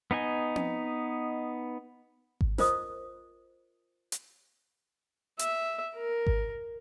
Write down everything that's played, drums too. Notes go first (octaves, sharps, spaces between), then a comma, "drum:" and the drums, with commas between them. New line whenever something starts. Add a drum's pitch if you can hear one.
B3 D#4 D#5 G#5
drum: tom C4
drum: kick G#1
F4 A#4 C5 D#5 D#6, drum: snare
drum: hi-hat
E5, drum: hi-hat
A#4
drum: kick G#1